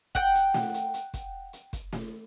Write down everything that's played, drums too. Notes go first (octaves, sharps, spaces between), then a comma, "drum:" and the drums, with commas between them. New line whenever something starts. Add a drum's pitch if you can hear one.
F#5 G5, drum: kick
drum: hi-hat
drum: snare A3
drum: hi-hat
drum: hi-hat
drum: kick, hi-hat
drum: hi-hat
drum: kick, hi-hat
drum: snare A3